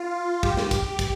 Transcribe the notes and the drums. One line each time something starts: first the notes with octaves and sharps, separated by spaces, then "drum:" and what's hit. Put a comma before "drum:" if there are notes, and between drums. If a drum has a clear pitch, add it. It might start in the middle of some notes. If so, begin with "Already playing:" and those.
Already playing: F4
G4, drum: kick
drum: snare
drum: kick, hi-hat
drum: kick, hi-hat